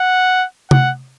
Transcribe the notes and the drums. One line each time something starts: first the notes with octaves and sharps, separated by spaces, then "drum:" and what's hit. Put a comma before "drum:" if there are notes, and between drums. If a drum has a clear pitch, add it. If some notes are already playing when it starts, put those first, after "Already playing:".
Already playing: F#5
F#5, drum: tom C3